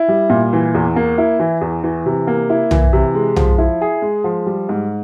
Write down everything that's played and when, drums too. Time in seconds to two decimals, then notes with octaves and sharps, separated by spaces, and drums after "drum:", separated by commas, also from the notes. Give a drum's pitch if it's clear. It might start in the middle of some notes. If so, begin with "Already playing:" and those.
Already playing: E4
0.08 G3
0.30 A#2
0.53 E3
0.74 E2
0.96 A#3
1.18 E4
1.40 E3
1.61 E2
1.84 E3
2.06 C3
2.27 A#3
2.50 E4
2.71 E3, drum: tom B1
2.93 C3
3.15 G#3
3.36 F3, drum: tom B1
3.58 E4
3.81 G#4
4.02 G#3
4.24 F3
4.47 G3
4.69 G#2